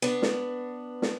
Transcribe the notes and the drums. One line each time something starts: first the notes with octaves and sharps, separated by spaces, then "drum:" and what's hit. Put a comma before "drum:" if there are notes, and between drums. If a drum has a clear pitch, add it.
B3 D4
drum: snare
drum: snare